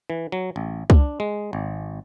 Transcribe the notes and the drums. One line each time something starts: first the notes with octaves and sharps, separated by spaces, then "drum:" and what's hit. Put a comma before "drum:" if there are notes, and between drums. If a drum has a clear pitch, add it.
E3
F#3
A1
D4, drum: kick
G#3
G#1